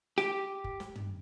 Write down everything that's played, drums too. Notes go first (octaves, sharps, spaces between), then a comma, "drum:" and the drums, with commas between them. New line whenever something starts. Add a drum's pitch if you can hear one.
G4, drum: snare
drum: kick
drum: snare
drum: tom